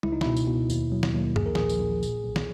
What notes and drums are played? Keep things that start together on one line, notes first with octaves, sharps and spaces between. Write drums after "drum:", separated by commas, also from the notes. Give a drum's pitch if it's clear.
C#2 E4, drum: tom
D#4
B2 E4, drum: snare
drum: tambourine
B2
D#2, drum: tambourine
F#3
drum: snare
D#2
A#1 G#4, drum: tom
A#4
A#1 G#4, drum: snare
drum: tambourine
A#1
A#2, drum: tambourine
B1
drum: snare